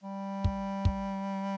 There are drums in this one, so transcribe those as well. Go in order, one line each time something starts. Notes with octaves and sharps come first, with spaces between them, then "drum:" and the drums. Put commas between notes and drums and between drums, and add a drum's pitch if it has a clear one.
G3
drum: kick
drum: kick